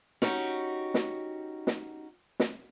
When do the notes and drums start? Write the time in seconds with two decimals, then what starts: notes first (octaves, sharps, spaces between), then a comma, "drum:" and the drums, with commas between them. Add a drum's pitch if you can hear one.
0.22 C#4 D#4 F#4 G4, drum: snare
0.94 drum: snare
1.67 drum: snare
2.40 drum: snare